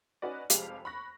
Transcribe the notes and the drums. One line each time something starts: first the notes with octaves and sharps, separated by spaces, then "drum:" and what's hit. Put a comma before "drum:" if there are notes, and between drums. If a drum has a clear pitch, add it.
C#4 D#4 F#4 B4 D5
F1 F2 G#3 G4 F5 F7, drum: hi-hat
B5 C#6 F#6 A#6